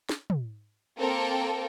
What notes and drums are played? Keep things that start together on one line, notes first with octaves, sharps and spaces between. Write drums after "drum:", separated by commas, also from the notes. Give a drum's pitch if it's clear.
drum: snare
drum: tom
A#3 C4 A4 A#4 G5